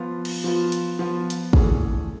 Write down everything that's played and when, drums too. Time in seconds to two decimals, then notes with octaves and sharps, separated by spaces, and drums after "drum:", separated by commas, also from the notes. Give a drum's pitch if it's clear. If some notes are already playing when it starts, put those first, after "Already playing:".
Already playing: F3 B3 F4
0.25 drum: cymbal
0.44 F3 B3 F4
0.72 drum: hi-hat
0.99 F3 B3 F4
1.30 drum: hi-hat
1.53 E3 A3 D4 G#4, drum: kick